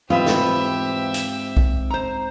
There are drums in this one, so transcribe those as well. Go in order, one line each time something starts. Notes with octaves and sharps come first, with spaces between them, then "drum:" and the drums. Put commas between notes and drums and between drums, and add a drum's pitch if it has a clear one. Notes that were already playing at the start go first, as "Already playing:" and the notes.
E2 G#2 C4 F4 G4 B4 E5
drum: snare
drum: hi-hat
drum: kick B1
C5 A#5